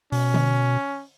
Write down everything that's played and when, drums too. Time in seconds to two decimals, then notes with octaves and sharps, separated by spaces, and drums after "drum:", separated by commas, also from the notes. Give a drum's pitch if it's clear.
0.12 B2 C#4, drum: open hi-hat
0.34 drum: tom D3